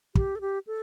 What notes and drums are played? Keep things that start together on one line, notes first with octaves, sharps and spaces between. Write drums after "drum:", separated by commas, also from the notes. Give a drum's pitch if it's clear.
G4, drum: kick
A4
G4
A4